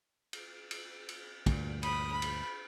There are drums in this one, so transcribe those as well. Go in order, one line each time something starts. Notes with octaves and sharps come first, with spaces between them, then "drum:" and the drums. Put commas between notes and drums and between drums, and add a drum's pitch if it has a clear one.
drum: cymbal
drum: cymbal
drum: cymbal
D2 G2 A#2, drum: kick, cymbal
B5 D#6, drum: cymbal
B5
drum: cymbal